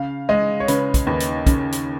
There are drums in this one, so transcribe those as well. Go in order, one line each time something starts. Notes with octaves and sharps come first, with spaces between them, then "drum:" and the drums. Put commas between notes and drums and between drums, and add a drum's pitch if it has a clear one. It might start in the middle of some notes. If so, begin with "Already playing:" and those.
Already playing: C#3 F5
G#3 D#5
C#5
C#3 B4, drum: hi-hat
drum: kick, hi-hat
D#2 B4
drum: hi-hat
C#3, drum: kick, hi-hat
drum: hi-hat